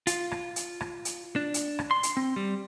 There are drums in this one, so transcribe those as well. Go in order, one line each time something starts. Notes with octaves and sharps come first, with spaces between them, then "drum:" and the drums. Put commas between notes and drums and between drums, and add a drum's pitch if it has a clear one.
F4, drum: hi-hat
drum: rim click
drum: hi-hat
drum: rim click
drum: hi-hat
D4
drum: hi-hat
drum: rim click
C6
drum: hi-hat
C4
G3